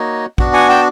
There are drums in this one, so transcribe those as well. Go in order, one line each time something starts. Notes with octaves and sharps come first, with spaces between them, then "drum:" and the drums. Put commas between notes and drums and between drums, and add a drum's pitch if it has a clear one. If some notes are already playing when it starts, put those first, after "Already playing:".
Already playing: A#3 D#4 F#4 C#5 D#5
B3 D4 F#4, drum: kick
F#5 G#5
G5 A5